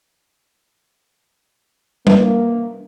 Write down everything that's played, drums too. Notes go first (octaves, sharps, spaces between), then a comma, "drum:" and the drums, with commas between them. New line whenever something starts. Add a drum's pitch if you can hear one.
A#3, drum: tom G3